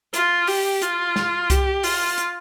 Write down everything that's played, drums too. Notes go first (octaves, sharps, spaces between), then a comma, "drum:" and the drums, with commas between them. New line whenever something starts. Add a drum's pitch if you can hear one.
F4, drum: hi-hat
G4, drum: open hi-hat
F4, drum: hi-hat
drum: snare
G4, drum: kick C2, hi-hat
F4, drum: open hi-hat
drum: hi-hat